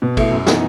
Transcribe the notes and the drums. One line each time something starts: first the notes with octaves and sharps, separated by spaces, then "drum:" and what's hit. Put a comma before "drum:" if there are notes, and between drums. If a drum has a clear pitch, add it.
B2
A3 E4, drum: kick, cymbal
F#2
E3 B3 D#4, drum: snare